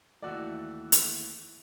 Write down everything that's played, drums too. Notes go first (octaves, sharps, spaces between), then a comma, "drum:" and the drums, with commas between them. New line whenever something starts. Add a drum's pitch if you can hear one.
D#2 E3 A3 E4 F#4 D5
drum: hi-hat